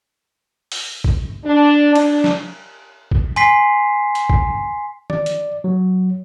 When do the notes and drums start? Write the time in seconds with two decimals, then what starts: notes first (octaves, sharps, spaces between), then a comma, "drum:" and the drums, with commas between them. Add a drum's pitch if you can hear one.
0.72 drum: open hi-hat
1.04 drum: kick
1.45 D4
1.95 D4, drum: cymbal
2.24 drum: snare
3.11 drum: kick
3.36 G#5 C6 B6 C7, drum: hi-hat
4.15 drum: hi-hat
4.30 drum: kick
5.10 D5, drum: tom D#3
5.26 drum: hi-hat
5.64 F#3